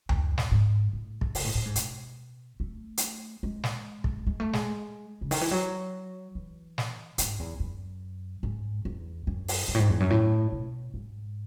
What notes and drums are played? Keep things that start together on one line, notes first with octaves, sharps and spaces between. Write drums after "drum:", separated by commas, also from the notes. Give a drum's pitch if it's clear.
F#2, drum: tom D2
drum: snare
G#2
A2
drum: kick
C#3, drum: open hi-hat
A2
A2
G#2
B2, drum: hi-hat
A3
drum: hi-hat
G#3
drum: snare
drum: kick
G#3
A3
G#3, drum: snare
C#3
D#3, drum: open hi-hat
E3
F#3
E3
drum: snare
G#2, drum: hi-hat
E2
F#2
G#2
E2
F#2
drum: open hi-hat
F#2
A2
G#2
E2
F#2
A2
B2
G#2